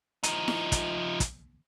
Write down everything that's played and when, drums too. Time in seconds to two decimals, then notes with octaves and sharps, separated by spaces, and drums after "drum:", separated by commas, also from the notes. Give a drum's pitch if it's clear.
0.23 F3 D#4, drum: hi-hat
0.48 drum: snare E4
0.72 drum: kick, hi-hat
1.20 drum: kick, hi-hat